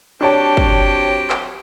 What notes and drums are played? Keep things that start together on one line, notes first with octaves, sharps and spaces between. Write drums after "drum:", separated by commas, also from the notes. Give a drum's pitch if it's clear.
F#3 C4 D4 G4 C#5 A5
drum: kick
drum: clap